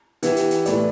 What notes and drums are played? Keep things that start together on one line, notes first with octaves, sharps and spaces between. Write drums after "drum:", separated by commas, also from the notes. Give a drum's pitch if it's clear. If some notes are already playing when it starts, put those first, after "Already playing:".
E3 B3 E4 G4, drum: hi-hat
drum: hi-hat
drum: hi-hat
A2 A3 E4 B4 D5, drum: hi-hat